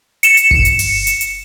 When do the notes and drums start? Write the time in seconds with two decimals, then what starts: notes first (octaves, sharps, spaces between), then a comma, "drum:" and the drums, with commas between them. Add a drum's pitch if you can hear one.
0.23 C#7 E7, drum: hi-hat
0.37 drum: hi-hat
0.51 drum: kick G1
0.65 drum: hi-hat
0.79 drum: open hi-hat
1.07 drum: hi-hat
1.21 drum: hi-hat